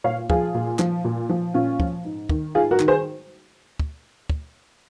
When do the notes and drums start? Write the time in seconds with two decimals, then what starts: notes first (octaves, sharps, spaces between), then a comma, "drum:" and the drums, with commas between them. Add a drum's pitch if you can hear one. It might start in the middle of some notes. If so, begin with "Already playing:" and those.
0.04 A#2 C#5 F5
0.30 F3 F4 G#4, drum: kick
0.54 A#2
0.79 F3, drum: clap
1.04 A#2
1.29 F3
1.54 A#2 C#4 F4
1.80 F3, drum: kick
2.04 G#2
2.29 D#3, drum: kick
2.54 G#2 F4 G#4
2.71 F#4 A#4
2.80 D#3, drum: clap
2.88 G#4 C5
3.80 drum: kick
4.30 drum: kick